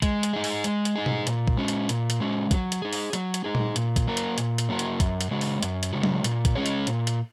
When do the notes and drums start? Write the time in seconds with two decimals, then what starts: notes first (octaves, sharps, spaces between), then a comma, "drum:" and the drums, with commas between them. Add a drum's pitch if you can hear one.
0.02 G#3, drum: kick, hi-hat
0.23 drum: hi-hat
0.33 D#4 G#4
0.44 drum: open hi-hat
0.64 G#3, drum: hi-hat
0.85 drum: hi-hat
0.96 D#4 G#4
1.06 drum: tom B2
1.27 A#2, drum: hi-hat
1.48 drum: kick
1.57 G#3 C#4 F#4
1.68 drum: hi-hat
1.89 A#2, drum: hi-hat
2.10 drum: hi-hat
2.20 G#3 C#4 F#4
2.51 F#3, drum: kick, hi-hat
2.72 drum: hi-hat
2.82 D#4 G#4
2.93 drum: open hi-hat
3.13 F#3, drum: hi-hat
3.34 drum: hi-hat
3.44 D#4 G#4
3.55 drum: tom A#2
3.76 A#2, drum: hi-hat
3.96 drum: kick, hi-hat
4.07 F#3 A#3 F#4 A#4
4.17 drum: hi-hat
4.38 A#2, drum: hi-hat
4.58 drum: hi-hat
4.69 F#3 A#3 F#4 A#4
4.79 drum: hi-hat
5.00 F#2, drum: kick, hi-hat
5.21 drum: hi-hat
5.31 C#3 G#3 F#4
5.41 drum: open hi-hat
5.63 F#2, drum: hi-hat
5.83 drum: hi-hat
5.93 C#3 G#3 F#4
6.03 drum: tom F#3
6.24 A#2, drum: hi-hat
6.45 drum: kick, hi-hat
6.55 G#3 C#4 G#4 C#5
6.66 drum: hi-hat
6.87 A#2, drum: hi-hat
7.07 drum: hi-hat